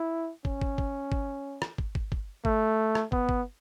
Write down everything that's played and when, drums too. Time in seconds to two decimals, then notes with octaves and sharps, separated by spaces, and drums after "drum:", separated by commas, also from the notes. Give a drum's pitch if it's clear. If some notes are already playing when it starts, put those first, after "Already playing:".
Already playing: E4
0.45 C#4, drum: kick
0.62 drum: kick
0.78 drum: kick
1.12 drum: kick
1.62 drum: rim click
1.78 drum: kick
1.95 drum: kick
2.12 drum: kick
2.45 A3, drum: kick
2.95 drum: rim click
3.12 B3, drum: kick
3.29 drum: kick